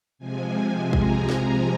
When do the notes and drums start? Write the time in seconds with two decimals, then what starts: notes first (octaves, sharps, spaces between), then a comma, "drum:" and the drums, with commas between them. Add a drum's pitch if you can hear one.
0.19 C3 F3 G#3 G#5
0.93 A#5, drum: kick
1.30 G#5, drum: snare